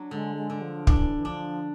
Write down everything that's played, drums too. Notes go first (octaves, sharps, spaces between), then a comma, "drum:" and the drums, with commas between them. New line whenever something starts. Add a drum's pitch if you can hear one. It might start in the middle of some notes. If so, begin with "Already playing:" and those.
Already playing: F#3 D4
D3 G#3
G#3
D3
F3
E3 D4, drum: kick
E3
F3 D4